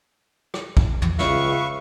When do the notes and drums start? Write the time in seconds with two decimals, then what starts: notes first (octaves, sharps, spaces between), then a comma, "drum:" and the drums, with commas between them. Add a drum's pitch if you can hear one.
0.54 drum: rim click
0.77 drum: kick
1.02 drum: tom
1.19 C#2 B4 E5 F5 C#6, drum: snare